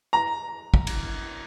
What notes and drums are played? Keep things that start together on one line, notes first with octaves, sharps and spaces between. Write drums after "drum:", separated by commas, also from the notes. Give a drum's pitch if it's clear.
A#5
drum: kick
drum: cymbal